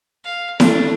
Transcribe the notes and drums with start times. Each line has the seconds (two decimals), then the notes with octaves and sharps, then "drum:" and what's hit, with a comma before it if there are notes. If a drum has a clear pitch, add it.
0.24 F5
0.60 A3 D4, drum: snare E4